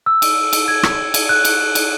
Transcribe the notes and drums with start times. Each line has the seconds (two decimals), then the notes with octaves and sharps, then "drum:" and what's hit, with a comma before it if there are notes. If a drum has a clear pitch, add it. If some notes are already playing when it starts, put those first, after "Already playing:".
0.06 E6
0.22 drum: cymbal
0.53 drum: cymbal
0.68 G#6
0.83 drum: rim click
1.14 drum: cymbal
1.29 F#6
1.45 drum: cymbal
1.75 drum: cymbal